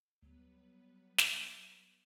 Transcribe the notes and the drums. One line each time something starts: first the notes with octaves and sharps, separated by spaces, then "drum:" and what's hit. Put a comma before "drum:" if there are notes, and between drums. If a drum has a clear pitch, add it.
D2 F#3 G3 B3 B4
drum: snare